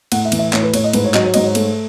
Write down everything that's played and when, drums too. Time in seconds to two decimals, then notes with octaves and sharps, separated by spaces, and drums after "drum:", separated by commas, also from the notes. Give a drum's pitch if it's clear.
0.12 A2 F#5, drum: cymbal
0.25 E5
0.32 E3, drum: cymbal
0.39 E5
0.53 A2 C#5, drum: clap
0.63 B4
0.74 A2 C#5, drum: cymbal
0.84 D#5
0.93 G#2 B4, drum: cymbal
1.04 C#5
1.14 F#3 D#5, drum: clap
1.24 C#5
1.34 G#2 D#5, drum: cymbal
1.44 C#5
1.55 A3, drum: cymbal